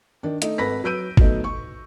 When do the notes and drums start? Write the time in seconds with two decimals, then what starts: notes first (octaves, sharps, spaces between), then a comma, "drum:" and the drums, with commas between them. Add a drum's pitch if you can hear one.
0.23 D#3 D4
0.42 A3 D#4, drum: hi-hat
0.58 G#1 A4 B4 B5 A#6 B6
0.84 F#3 B4 E6 G6 D7 D#7
1.17 F#3 A3 B3 D#4, drum: kick G1
1.44 C#6